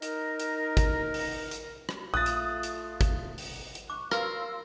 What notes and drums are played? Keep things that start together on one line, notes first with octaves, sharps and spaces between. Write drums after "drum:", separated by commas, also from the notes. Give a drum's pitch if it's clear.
D#4 A#4, drum: hi-hat
drum: hi-hat
drum: kick, hi-hat
drum: open hi-hat
drum: hi-hat
drum: rim click
A#1 A3 F4 D#6 F#6 A6
drum: hi-hat
drum: hi-hat
drum: kick, hi-hat
drum: open hi-hat
drum: hi-hat
C#6 D6 F#6
A#4 B4 F5 C6 E6, drum: rim click